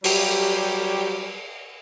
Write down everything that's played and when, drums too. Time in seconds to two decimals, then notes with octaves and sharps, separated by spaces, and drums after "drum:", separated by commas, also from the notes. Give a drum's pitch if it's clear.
0.04 F#3 G3 G4, drum: open hi-hat